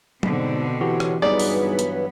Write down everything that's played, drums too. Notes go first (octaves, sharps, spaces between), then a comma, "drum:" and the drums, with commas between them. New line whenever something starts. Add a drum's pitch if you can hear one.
G#2 B2 D3 C4, drum: tom
E3 F#4 G4 A4 C#5
drum: rim click
G2 E3 F#3 G3 B3 D#4 G#4 D5
drum: open hi-hat
drum: hi-hat